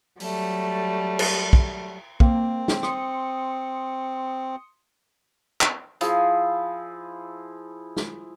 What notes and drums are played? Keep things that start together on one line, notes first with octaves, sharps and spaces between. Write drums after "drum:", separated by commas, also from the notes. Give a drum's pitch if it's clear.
F#3 G3 A3, drum: open hi-hat
drum: cymbal
drum: kick
A#3 C4, drum: kick
drum: snare
C6 D#6 C#7, drum: rim click
drum: clap
F3 E4 G#4, drum: hi-hat
drum: snare